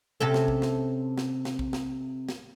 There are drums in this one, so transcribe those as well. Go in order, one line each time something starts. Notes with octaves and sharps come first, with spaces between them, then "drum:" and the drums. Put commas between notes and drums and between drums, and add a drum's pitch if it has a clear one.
C3 C#4 A4
drum: snare
drum: kick A#1
drum: snare
drum: snare
drum: snare
drum: kick A#1
drum: snare
drum: snare